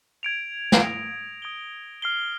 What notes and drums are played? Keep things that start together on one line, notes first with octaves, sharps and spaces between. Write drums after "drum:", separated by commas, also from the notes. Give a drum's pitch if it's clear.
G#6 D7 F7
drum: snare
D#6 A#6 F7
D#6 G#6 D7 G7
F6 C7 G7